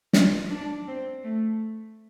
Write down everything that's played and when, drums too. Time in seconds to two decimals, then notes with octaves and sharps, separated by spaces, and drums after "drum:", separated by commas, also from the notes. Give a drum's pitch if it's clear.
0.13 F4, drum: snare
0.49 D4
0.88 C4
1.24 A3